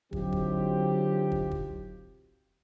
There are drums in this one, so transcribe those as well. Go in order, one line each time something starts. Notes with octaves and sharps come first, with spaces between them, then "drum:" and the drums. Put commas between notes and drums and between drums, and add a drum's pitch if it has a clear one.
D3 F#3 C4 D#4 F4 G4, drum: kick
drum: kick
drum: kick
drum: kick